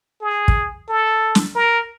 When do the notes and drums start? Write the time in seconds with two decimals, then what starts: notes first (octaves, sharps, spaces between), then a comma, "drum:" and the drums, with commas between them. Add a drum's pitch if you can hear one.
0.21 G#4
0.48 drum: kick
0.89 A4
1.35 drum: snare
1.55 A#4